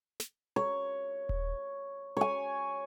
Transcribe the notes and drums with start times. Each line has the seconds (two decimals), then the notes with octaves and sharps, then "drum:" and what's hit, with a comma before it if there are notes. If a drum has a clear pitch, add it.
0.20 drum: snare
0.56 C#5
1.29 drum: kick D#1
2.17 C#5 G#5